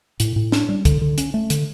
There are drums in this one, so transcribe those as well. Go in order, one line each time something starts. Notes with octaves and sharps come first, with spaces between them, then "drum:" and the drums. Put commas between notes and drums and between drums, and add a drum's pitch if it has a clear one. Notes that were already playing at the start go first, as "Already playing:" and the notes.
A2, drum: hi-hat
A2
D4, drum: snare
G3
D3, drum: kick C#2, hi-hat
D3
C#4, drum: hi-hat
A3
D3, drum: hi-hat